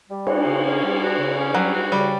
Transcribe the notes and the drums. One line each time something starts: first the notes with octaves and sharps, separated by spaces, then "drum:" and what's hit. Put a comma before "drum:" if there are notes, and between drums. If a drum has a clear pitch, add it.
G3
F#4, drum: cymbal
C#3
C#4
G3
F#4
C#3
C#4
F#3 G3
F#4
C#3 G3